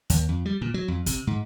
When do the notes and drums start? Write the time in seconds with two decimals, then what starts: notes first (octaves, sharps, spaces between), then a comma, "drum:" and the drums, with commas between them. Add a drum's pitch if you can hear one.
0.10 D#2, drum: hi-hat
0.29 F2
0.45 G3
0.61 A#2
0.74 F#3
0.88 F2
1.06 C3, drum: kick, hi-hat
1.27 G#2